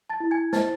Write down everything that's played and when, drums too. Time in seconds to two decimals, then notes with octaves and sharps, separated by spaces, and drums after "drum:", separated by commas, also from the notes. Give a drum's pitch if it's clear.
0.10 A5 A6
0.20 E4
0.31 G#5 G#6
0.53 C5 A5 A6, drum: snare